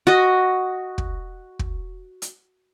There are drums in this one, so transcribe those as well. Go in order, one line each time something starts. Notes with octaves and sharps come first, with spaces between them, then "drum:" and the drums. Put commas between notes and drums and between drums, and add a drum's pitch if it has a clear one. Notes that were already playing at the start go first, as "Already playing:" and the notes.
F#4 D#5
drum: kick
drum: kick
drum: hi-hat